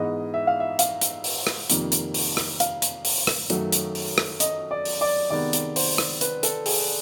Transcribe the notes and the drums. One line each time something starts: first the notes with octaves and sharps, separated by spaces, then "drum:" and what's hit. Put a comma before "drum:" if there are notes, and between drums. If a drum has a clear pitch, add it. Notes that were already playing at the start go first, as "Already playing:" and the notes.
Already playing: G#2 E3 G#3 B3 D#5
E5
F5
E5
F5, drum: hi-hat
drum: hi-hat
drum: open hi-hat
drum: rim click
F2 C3 D#3 G3 A#3, drum: hi-hat
drum: hi-hat
drum: open hi-hat
drum: rim click
F5, drum: hi-hat
drum: hi-hat
drum: open hi-hat
drum: rim click
F#2 D#3 F#3 A3, drum: hi-hat
drum: hi-hat
drum: open hi-hat
drum: rim click
D#5, drum: hi-hat
D5
drum: open hi-hat
D5
C3 D#3 G#3 B3 D5
drum: hi-hat
C5, drum: open hi-hat
drum: rim click
B4, drum: hi-hat
A4, drum: hi-hat
G#4, drum: open hi-hat